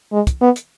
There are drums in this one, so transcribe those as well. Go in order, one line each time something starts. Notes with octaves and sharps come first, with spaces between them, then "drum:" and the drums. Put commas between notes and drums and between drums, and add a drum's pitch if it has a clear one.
G#3
drum: kick, hi-hat
B3
drum: hi-hat